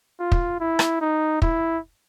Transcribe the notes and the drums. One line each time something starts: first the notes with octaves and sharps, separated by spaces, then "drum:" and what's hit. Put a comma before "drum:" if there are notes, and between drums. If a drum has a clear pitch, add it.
F4
drum: kick
E4
drum: rim click
D#4
E4, drum: kick